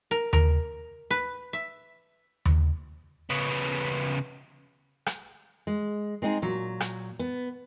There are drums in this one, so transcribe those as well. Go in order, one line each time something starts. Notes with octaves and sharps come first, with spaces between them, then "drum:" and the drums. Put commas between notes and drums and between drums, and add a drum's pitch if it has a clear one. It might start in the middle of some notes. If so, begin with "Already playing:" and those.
A#4
A#4, drum: tom D#2
B4
E5
drum: tom D#2
C#3 B3
drum: rim click
G#3
G#3 C4 D#4 F#4 G#4
A#2 F#3
drum: rim click
B3